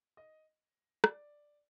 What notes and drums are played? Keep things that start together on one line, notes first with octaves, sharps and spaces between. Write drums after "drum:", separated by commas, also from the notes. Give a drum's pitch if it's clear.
D#5
D5, drum: rim click